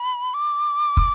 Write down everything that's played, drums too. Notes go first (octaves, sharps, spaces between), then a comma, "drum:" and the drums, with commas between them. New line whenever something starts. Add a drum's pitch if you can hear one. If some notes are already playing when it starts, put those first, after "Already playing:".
Already playing: B5
D6
drum: kick